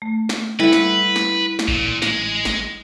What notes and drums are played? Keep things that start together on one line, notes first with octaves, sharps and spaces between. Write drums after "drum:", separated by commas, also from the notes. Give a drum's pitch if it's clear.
A3
drum: snare
G3 E4 A4 B4 E5 F#5
drum: snare
drum: snare
drum: snare
A1 A#2
G#3, drum: snare
drum: snare